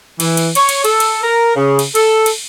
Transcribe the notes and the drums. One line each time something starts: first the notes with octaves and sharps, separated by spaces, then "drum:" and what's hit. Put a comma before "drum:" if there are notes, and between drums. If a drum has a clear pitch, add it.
E3, drum: cymbal
drum: cymbal
C#5, drum: cymbal
drum: cymbal
A4, drum: cymbal
drum: cymbal
A#4
C#3
drum: cymbal
A4, drum: cymbal
drum: cymbal